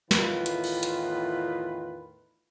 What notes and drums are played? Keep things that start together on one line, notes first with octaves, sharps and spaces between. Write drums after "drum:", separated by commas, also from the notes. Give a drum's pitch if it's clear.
E2 A2 D#3 F4 B4, drum: snare
drum: hi-hat
drum: cymbal
drum: hi-hat